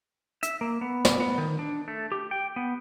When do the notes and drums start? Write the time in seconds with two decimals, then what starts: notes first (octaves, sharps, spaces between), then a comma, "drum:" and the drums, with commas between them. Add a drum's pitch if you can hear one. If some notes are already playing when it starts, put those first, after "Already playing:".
0.43 E5, drum: hi-hat
0.61 A#3
0.81 B3
1.05 drum: snare
1.20 B3
1.38 D#3
1.59 D4
1.88 A3
2.12 G4
2.31 G5
2.56 B3